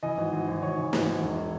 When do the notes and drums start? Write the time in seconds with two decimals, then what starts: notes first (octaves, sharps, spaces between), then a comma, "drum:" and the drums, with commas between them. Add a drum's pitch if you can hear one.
0.03 E3 D#5
0.17 G#1
0.33 G#1
0.48 G#1
0.62 G#1 C#5
0.77 E3
0.93 G#1, drum: snare
1.08 G#1
1.23 E1